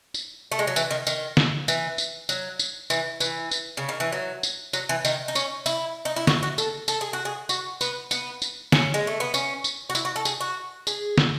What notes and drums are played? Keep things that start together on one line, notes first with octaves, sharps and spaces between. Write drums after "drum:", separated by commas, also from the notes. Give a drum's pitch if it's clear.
drum: tambourine
A3
G#3
F#3
E3, drum: tambourine
D#3
D#3, drum: tambourine
drum: snare
E3, drum: tambourine
drum: tambourine
F#3, drum: tambourine
drum: tambourine
E3, drum: tambourine
E3, drum: tambourine
drum: tambourine
C#3
D#3
E3
F#3
drum: tambourine
F#3, drum: tambourine
E3
D#3, drum: tambourine
D#4
C#4, drum: tambourine
E4, drum: tambourine
D#4
E4
F#4, drum: snare
F#4
A4, drum: tambourine
A4, drum: tambourine
G#4
F#4
G#4
F#4, drum: tambourine
B3, drum: tambourine
B3, drum: tambourine
drum: tambourine
C#4, drum: snare
G#3
A3
B3
C#4, drum: tambourine
drum: tambourine
F#4
E4, drum: tambourine
F#4
A4
G#4, drum: tambourine
F#4
G#4, drum: tambourine
drum: snare